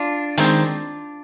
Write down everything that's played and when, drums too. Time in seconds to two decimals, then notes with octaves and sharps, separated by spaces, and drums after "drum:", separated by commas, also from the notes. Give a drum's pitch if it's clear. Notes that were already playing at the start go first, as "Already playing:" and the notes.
Already playing: D4 F4
0.38 D#3 G#3 C4, drum: open hi-hat